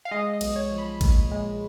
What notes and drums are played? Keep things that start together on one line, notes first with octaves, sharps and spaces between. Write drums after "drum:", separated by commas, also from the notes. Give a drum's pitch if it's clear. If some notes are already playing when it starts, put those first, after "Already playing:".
F5
G#3 D#5
D#5
B1, drum: cymbal
C#5
F3
B5
A#2, drum: kick G#1, cymbal
G#3